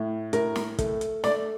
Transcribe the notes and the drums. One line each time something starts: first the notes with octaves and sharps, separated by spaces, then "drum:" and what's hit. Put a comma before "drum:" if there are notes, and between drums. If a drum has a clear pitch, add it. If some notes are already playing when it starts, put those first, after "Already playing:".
Already playing: A2
A2 A#4, drum: hi-hat
drum: snare
A3, drum: kick, hi-hat
drum: hi-hat
A3 D5, drum: snare